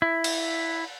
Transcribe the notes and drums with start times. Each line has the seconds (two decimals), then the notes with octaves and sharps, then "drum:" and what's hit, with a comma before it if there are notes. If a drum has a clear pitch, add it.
0.02 E4
0.24 drum: cymbal